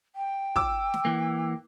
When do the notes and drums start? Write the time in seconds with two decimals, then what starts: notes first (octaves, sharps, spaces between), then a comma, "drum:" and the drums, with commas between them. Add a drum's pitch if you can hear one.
0.16 G5
0.56 D6 E6, drum: kick
0.94 drum: snare
1.05 E3 A#3